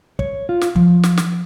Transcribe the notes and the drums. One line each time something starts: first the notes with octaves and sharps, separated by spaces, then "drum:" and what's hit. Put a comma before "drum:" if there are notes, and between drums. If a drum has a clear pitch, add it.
C#5, drum: kick
F4
drum: snare
F3, drum: kick
drum: snare
drum: snare